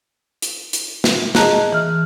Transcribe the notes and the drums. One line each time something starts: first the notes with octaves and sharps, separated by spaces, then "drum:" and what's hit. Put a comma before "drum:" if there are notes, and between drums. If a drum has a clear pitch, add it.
drum: hi-hat
drum: hi-hat
drum: snare
G#4 D#5 A5 A#5 F#6, drum: snare
E3 F6